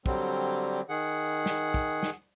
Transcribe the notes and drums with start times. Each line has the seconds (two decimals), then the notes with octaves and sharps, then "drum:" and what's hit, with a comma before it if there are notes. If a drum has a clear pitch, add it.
0.06 D3 F#3 G3 C4, drum: kick
0.89 D#3 G#4 F#5
1.46 drum: snare
1.74 drum: kick
2.03 drum: snare